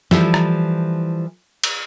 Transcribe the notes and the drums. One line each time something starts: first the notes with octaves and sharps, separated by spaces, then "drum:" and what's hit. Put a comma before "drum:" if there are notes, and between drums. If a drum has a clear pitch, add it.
E3 F3 G3 E4 A4, drum: snare
drum: rim click
drum: cymbal